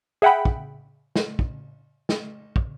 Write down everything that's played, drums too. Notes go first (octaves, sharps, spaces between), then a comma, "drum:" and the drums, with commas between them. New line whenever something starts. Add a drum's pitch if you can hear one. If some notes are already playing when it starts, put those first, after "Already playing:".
G#4 E5 F#5 G5 B5
drum: kick
drum: snare
drum: kick
drum: snare
drum: kick